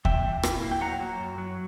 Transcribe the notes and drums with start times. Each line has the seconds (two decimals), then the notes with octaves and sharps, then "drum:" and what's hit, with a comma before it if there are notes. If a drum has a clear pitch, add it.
0.05 A#2 E5 G5, drum: kick D#2
0.24 A#2
0.43 E4, drum: rim click
0.63 A#3
0.71 G5
0.81 F#3 F#5 A#5
1.00 F#3
1.19 F#2
1.38 F#3